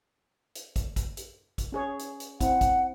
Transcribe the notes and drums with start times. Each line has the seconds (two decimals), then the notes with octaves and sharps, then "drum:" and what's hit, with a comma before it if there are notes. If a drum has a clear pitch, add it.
0.55 drum: hi-hat
0.76 drum: kick, hi-hat
0.96 drum: kick, hi-hat
1.17 drum: hi-hat
1.58 drum: kick, hi-hat
1.72 C#4 G#4 C#5
1.99 drum: hi-hat
2.20 drum: hi-hat
2.41 C4 E4 F#5, drum: kick, hi-hat
2.61 drum: kick, hi-hat